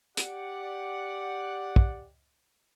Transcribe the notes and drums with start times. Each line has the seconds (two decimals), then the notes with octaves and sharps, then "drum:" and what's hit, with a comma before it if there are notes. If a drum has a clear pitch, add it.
0.17 G4 D5 F#5, drum: hi-hat
1.76 drum: kick